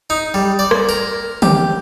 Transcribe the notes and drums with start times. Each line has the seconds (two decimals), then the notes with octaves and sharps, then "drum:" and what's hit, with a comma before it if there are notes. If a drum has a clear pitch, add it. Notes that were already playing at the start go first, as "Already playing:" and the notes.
0.10 D#4
0.34 G3
0.59 D5
0.71 drum: rim click
0.89 A#4
1.42 G4, drum: tom